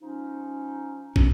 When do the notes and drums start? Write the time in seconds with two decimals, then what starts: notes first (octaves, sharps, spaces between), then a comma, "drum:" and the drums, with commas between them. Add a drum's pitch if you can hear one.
0.01 F3 C#4 D#4
1.16 D#1 B1 C#4, drum: kick